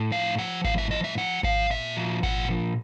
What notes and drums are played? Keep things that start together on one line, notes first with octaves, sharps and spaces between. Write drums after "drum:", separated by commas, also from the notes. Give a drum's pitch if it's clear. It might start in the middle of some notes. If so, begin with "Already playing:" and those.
Already playing: A2
F3 F5
F3 F#5
A2 F5, drum: kick G#1
E5
F3 D#5
E5
F3 F#5
F3 F5, drum: kick G#1
A#2 E5
F3
A#2 F#5, drum: kick G#1
F3